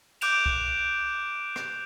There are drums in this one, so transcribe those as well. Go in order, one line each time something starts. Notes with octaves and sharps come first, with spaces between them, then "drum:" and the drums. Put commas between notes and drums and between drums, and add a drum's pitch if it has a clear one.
D6 F#6 G6 D7 E7 F7, drum: cymbal
drum: kick C2
drum: rim click